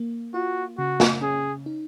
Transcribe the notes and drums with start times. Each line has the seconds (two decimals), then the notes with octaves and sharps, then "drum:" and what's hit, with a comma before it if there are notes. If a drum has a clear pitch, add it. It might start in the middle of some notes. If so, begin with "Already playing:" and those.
Already playing: A#3
0.34 F4 F#4
0.78 C#3 F#4
1.00 drum: snare
1.21 C#4 G#4
1.66 D#4